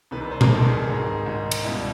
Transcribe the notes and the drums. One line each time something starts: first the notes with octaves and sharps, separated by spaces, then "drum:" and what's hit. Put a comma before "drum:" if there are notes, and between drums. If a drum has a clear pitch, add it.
C2 C3 D#3 B4
B4
C5
A#4, drum: tom B2
C2 C3 D#3 A4
G#4
G#1 G#2 D#3
G#1 G#2 D#3
drum: cymbal
C#2 B2 G3 E4